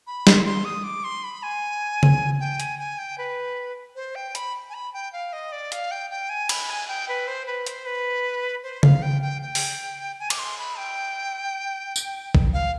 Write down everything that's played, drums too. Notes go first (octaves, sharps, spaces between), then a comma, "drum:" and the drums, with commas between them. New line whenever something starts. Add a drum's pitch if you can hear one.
B5
C6, drum: snare
C6
D#6
D6
C6
B5
G#5
drum: tom C#3
G5
G#5, drum: hi-hat
G#5
G5
B4
C5
G5
B5, drum: hi-hat
G#5
B5
G5
F5
D#5
D5
F5, drum: hi-hat
G5
G5
G#5
B5, drum: cymbal
G#5
G5
B4
C5
B4
C5, drum: hi-hat
B4
C5
F5, drum: tom C#3
G5
G5
G5
drum: open hi-hat
G#5
D6, drum: cymbal
C6
B5
G5
drum: tambourine
drum: kick A1
F5